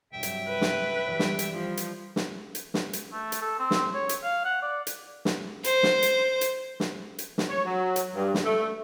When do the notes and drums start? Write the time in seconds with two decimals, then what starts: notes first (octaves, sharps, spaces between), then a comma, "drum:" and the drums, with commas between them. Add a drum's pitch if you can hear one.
0.12 G2 C3 F#3 E5 G5
0.23 drum: hi-hat
0.48 B4
0.61 drum: snare
1.05 E3 G3
1.19 drum: snare
1.39 drum: hi-hat
1.53 F3
1.77 drum: hi-hat
2.16 drum: snare
2.55 drum: hi-hat
2.74 drum: snare
2.93 drum: hi-hat
3.13 A3
3.32 drum: hi-hat
3.42 A4
3.59 C4
3.71 drum: snare
3.94 C#5
4.09 drum: hi-hat
4.23 F5
4.45 F#5
4.62 D5
4.87 drum: hi-hat
5.25 drum: snare
5.64 C5, drum: hi-hat
5.83 drum: snare
6.03 drum: hi-hat
6.41 drum: hi-hat
6.80 drum: snare
7.19 drum: hi-hat
7.38 drum: snare
7.49 C#5
7.65 F#3
7.96 drum: hi-hat
8.14 G2
8.34 drum: snare
8.45 A3